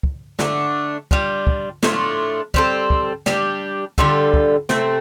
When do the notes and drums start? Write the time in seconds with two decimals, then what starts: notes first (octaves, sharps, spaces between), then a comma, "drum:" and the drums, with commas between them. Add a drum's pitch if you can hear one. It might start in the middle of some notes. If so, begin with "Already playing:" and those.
0.03 drum: kick
0.39 D3 A3 D4, drum: snare
1.11 G3 D4 F4, drum: kick
1.47 drum: kick
1.83 A2 A3 D4 F4, drum: snare
2.54 G3 C4 A4, drum: kick
2.90 drum: kick
3.26 G3 D4 G4, drum: snare
3.98 D3 G3 F4 A4, drum: kick
4.34 drum: kick
4.69 C3 A3 C4, drum: snare